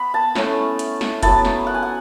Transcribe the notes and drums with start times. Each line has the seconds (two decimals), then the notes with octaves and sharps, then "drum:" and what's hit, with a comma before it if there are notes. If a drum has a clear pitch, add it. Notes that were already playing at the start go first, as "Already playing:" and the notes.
Already playing: B3 B5
0.14 A5
0.35 A3 C#4 E4, drum: snare
0.79 drum: hi-hat
1.01 drum: snare
1.23 F#3 B3 E4 A5, drum: kick F1, hi-hat
1.45 drum: snare
1.67 F#5
1.74 G#5
1.83 F#5